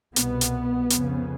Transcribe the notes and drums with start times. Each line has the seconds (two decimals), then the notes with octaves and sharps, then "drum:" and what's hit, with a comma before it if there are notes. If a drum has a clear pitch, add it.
0.16 C2 B2 B3, drum: hi-hat
0.41 drum: hi-hat
0.90 F2 C#3, drum: hi-hat